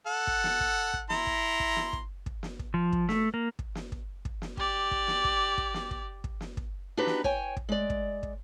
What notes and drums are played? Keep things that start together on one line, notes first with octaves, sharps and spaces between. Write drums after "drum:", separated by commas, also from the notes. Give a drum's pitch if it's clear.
A4 F#5
drum: kick
drum: snare
drum: kick
drum: kick
E4 A#5 C6, drum: snare
drum: kick
drum: kick
drum: snare
drum: kick
drum: kick
drum: snare
drum: kick
F3
drum: kick
A3, drum: snare
A#3
drum: kick
drum: snare
drum: kick
drum: kick
drum: snare
G4 D5, drum: kick
drum: kick
drum: snare
drum: kick
drum: kick
drum: snare
drum: kick
drum: kick
drum: snare
drum: kick
D4 D#4 F#4 G4 B4
drum: snare
C#5 G5 G#5, drum: kick
drum: kick
G#3 D5
drum: kick
drum: kick